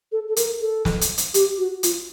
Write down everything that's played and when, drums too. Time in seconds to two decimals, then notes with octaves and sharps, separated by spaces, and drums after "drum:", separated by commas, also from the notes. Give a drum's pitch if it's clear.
0.12 A4
0.28 A4
0.36 A#4, drum: hi-hat
0.61 A4
0.85 drum: snare
1.01 drum: hi-hat
1.18 drum: hi-hat
1.34 G4, drum: hi-hat
1.58 F#4
1.83 F4, drum: hi-hat